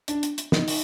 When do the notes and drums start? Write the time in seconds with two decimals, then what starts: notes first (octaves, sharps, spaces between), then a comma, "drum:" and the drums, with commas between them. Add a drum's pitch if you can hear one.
0.08 D4, drum: hi-hat
0.23 drum: hi-hat
0.38 drum: hi-hat
0.52 D#4, drum: snare
0.68 drum: open hi-hat